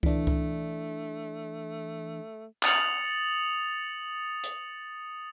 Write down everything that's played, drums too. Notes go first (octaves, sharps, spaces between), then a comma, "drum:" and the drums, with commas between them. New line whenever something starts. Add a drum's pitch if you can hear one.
E3 A3 D4, drum: kick C#2
drum: kick C#2
D#6 A6 C#7 F7 F#7, drum: clap
drum: hi-hat